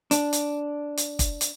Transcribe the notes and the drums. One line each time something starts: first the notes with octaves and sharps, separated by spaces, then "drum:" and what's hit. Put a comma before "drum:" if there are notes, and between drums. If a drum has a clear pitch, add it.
D4, drum: hi-hat
drum: hi-hat
drum: hi-hat
drum: kick, hi-hat
drum: hi-hat